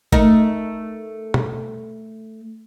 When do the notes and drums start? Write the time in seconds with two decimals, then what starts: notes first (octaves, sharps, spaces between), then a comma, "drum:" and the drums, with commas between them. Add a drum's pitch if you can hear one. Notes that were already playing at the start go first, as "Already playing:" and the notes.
0.12 A3 D#4 A#4, drum: kick G#1
1.34 drum: tom